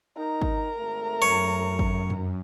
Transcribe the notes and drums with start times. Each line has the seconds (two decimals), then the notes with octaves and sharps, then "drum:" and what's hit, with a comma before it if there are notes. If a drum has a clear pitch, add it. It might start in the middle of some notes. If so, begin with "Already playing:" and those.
0.17 D#4 A#4 A#5
0.42 drum: kick G#1
0.78 G#1 A3
1.22 F#2 C#5
1.79 drum: kick G#1
2.10 drum: tom F2